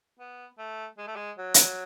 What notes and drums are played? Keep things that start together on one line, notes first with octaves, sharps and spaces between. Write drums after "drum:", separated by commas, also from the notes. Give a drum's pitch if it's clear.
B3
A3
G#3
A3
G#3
F#3
drum: hi-hat